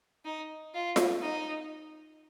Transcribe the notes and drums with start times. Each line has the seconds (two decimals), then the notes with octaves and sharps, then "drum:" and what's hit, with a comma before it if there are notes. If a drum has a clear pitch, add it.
0.25 D#4
0.74 F4
0.96 drum: snare F4
1.22 D#4